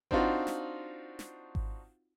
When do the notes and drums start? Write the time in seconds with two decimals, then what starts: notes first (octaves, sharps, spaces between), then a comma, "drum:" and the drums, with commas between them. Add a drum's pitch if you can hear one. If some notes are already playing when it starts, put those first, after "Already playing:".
0.11 C4 D4 D#4 F4 F#4, drum: kick G#1
0.47 drum: snare
1.19 drum: snare
1.55 drum: kick G#1